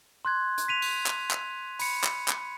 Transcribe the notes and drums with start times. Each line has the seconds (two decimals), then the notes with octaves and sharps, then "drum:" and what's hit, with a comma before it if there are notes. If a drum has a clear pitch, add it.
0.25 C6 F#6 G#6
0.58 drum: hi-hat
0.68 B6 D#7 F7
0.82 drum: open hi-hat
1.06 drum: clap
1.31 drum: clap
1.79 B5 C#7, drum: open hi-hat
2.04 drum: clap
2.28 drum: clap